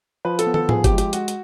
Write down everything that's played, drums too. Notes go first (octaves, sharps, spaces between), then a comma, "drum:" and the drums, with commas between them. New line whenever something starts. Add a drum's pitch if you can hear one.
F3 B4
A4, drum: hi-hat
B3
A4, drum: tom
F3 G#4, drum: tom A2
G4, drum: kick G1, hi-hat
G#3
G4, drum: hi-hat
G#3 F#4, drum: hi-hat
drum: hi-hat